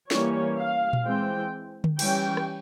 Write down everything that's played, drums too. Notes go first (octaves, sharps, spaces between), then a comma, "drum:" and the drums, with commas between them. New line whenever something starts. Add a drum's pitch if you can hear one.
E3 G3 A#3 C#4 C#5, drum: snare
F5
drum: tom A#2
E3 G#3 C4 G5
drum: tom D3
E3 G3 C#4 G5, drum: cymbal
drum: rim click